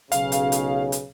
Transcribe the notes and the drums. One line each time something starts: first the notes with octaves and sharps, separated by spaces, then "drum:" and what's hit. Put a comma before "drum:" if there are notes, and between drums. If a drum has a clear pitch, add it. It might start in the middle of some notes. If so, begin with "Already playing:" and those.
B1 C#3 F5, drum: hi-hat
drum: hi-hat
drum: hi-hat
drum: hi-hat